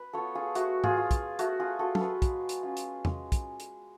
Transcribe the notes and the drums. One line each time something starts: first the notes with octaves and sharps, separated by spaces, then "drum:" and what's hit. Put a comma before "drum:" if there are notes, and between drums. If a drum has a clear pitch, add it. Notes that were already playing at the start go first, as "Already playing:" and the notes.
Already playing: B4
B3 F4 A4 C#5
F4 G#4
A3 F#4, drum: hi-hat
F4 G#4, drum: tom G#2
F4
drum: kick, hi-hat
A3 F#4, drum: hi-hat
F4 G#4
F4 F#4 A4
A4, drum: tom F#3
G#4 B4
G#3, drum: kick, hi-hat
drum: hi-hat
C#4 F4
drum: hi-hat
G#3, drum: tom E2
drum: kick, hi-hat
drum: hi-hat